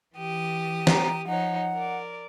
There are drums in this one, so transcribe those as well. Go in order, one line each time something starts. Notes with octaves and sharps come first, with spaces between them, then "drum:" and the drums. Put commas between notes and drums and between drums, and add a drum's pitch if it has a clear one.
E3 G4 D#6
A#5, drum: snare
F3 D#4 C#5 F#5
A#4 D5